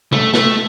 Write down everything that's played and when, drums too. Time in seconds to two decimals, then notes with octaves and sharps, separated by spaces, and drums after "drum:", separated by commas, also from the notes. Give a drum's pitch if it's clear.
0.13 A3, drum: tom B2
0.34 A3, drum: snare